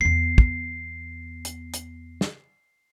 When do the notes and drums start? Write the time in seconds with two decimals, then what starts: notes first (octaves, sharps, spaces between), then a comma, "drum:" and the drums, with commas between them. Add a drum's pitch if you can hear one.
0.01 E2 B3 C7
0.38 drum: kick
1.45 drum: hi-hat
1.74 drum: hi-hat
2.21 drum: snare